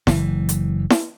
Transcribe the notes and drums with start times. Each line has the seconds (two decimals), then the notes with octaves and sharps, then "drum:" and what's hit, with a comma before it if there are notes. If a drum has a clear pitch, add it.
0.07 F#1 E3, drum: snare E4
0.49 drum: hi-hat
0.90 drum: snare E4